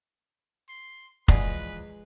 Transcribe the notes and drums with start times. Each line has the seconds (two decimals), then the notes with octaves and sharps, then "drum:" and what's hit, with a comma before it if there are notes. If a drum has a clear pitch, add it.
0.68 C6
1.28 E2 F3 G#3 G#4 B4 D5 F#5 G#5, drum: kick F1